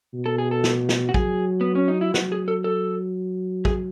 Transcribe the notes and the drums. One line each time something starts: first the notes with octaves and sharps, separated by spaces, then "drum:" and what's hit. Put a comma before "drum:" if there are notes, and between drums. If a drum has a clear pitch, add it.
B2
A4
G#4
A4
drum: snare
drum: snare
F#4
F#3 G#4, drum: kick
B3
C#4
D#4
E4
F#3 F#4, drum: snare
G#4
A4
A4
G#4, drum: kick